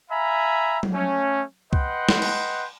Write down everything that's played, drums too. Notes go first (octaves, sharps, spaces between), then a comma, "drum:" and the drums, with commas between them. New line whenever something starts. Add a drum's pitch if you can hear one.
E5 F5 G#5 A#5 B5
drum: tom F#3
A3 C#4
B4 D#5 F#5 G5 C6, drum: kick C2
drum: snare
drum: cymbal